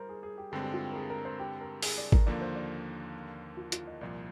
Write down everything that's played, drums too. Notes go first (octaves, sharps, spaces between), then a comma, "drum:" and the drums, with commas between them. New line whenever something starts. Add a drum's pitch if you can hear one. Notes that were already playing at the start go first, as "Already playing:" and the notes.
Already playing: G3 A#4 C5
G#4
G#4
G4
G2 D3 G#3 C4 G4
G4
F4
G4
A#4
G#4
A#4
C5
G4
A#4
G#4, drum: open hi-hat
D5
A#4, drum: kick G#1
D#2 D3 F3 A#3 D5
C5
D5
F4
F4, drum: hi-hat
D#5
C2 A#2 F3 D5